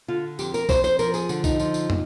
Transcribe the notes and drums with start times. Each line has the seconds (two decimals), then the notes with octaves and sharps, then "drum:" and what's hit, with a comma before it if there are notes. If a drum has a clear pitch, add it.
0.08 D3 F4
0.39 F2 G4, drum: tambourine
0.54 A#4, drum: tambourine
0.69 F2 C5, drum: kick B1, tambourine
0.84 C5, drum: tambourine
0.99 F3 A#4, drum: tambourine
1.14 G#4, drum: tambourine
1.29 D3, drum: tambourine
1.44 D#4, drum: kick B1, tambourine
1.59 F3, drum: tambourine
1.74 drum: tambourine
1.90 A#2, drum: tom